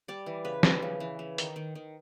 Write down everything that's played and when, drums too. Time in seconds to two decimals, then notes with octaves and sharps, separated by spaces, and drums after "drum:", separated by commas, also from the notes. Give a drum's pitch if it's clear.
0.08 G3 D5
0.26 E3
0.45 C#3 B4
0.63 G3 B4, drum: snare
0.82 C#3
1.00 E3
1.19 C#3
1.38 D#3, drum: hi-hat
1.56 D#3
1.75 D#3